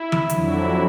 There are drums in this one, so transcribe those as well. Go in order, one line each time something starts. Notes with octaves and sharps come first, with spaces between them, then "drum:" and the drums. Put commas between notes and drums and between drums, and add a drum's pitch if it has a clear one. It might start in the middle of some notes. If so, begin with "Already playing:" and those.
Already playing: E4
drum: tom E3
F2 D3 F#3 E4, drum: hi-hat